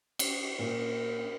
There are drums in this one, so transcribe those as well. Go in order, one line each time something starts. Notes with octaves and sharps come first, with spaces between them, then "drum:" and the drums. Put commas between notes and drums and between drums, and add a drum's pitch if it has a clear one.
drum: cymbal
A#2 A#4